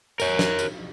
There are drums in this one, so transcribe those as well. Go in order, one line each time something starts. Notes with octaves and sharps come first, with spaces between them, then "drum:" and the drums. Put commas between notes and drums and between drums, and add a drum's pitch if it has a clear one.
A#4 C#5, drum: tambourine
drum: snare
drum: tambourine